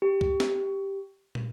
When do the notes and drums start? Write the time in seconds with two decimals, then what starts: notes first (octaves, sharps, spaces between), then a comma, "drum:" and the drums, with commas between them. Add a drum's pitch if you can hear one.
0.02 G4
0.21 drum: kick
0.40 drum: snare
1.35 drum: tom